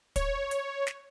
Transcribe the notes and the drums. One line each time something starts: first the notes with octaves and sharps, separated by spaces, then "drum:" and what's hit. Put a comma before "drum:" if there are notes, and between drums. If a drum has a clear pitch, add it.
C#5, drum: kick, hi-hat
drum: hi-hat
drum: snare